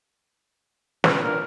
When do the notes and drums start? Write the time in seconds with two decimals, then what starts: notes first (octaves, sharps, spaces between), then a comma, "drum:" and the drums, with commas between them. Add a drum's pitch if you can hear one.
1.04 C#3 F3 B4, drum: snare
1.24 D4 F4 A#4